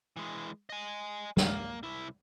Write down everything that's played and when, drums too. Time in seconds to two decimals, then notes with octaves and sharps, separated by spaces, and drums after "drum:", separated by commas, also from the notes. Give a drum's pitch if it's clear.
0.17 E3 G#3
0.70 D#5 G#5
1.37 A#3, drum: snare
1.83 C2 E4